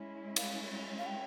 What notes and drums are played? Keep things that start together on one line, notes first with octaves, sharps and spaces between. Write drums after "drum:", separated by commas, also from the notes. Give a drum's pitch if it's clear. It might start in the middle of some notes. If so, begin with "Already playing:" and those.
Already playing: G#3 C#4 E4
F5, drum: cymbal
F5
G5